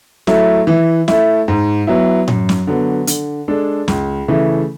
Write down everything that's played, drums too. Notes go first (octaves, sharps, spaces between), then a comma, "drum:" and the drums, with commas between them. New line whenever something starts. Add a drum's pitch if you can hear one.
F#3 A3 E4, drum: snare
E3
A3 E4, drum: snare
G#2
F#3 B3 E4
F#2, drum: tom A2
drum: snare
D3 F#3 B3
D3, drum: hi-hat
G#3 D4 A4
C#2, drum: snare
C#3 E3 A3